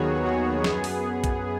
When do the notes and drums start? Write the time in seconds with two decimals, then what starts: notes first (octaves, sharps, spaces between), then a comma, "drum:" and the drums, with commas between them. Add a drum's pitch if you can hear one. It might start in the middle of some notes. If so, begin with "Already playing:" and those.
Already playing: D#2 D#3 F#3 B3 F#4 G#4 C#5
0.24 F#4
0.64 F#2 B3 G#4, drum: snare
0.84 drum: open hi-hat
1.24 drum: kick A#1, hi-hat